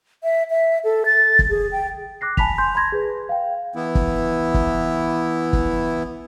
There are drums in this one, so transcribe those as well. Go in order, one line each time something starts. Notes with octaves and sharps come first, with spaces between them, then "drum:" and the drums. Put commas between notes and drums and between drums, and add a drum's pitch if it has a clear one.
E5
E5
A4
A6
drum: kick
G#4
G5
D6 F#6 A#6 C7
G#5 A5 B5 B6 F7, drum: kick
G#5 C6 G6
B5 C6 G#6 A#6
G#4 B4
F5 G5
E3 B3 E4
drum: kick
drum: kick
drum: kick